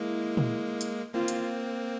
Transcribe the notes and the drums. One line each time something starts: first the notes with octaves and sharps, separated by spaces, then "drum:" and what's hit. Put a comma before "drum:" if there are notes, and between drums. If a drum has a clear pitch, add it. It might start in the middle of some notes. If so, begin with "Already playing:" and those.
Already playing: G#3 A#3 E4
drum: tom A#2
drum: hi-hat
A#3 C4 F4
drum: hi-hat